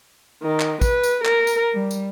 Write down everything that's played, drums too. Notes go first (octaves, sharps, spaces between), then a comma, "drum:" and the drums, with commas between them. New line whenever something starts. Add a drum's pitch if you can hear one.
D#3
drum: clap
B4, drum: kick, tambourine
drum: tambourine
A#4, drum: clap
drum: tambourine
G3
drum: tambourine